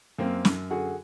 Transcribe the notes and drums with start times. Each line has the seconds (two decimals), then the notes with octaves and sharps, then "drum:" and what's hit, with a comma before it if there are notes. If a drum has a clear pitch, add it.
0.19 F#2 A#3 C4
0.45 F#2, drum: snare
0.71 D3 F#4 G#4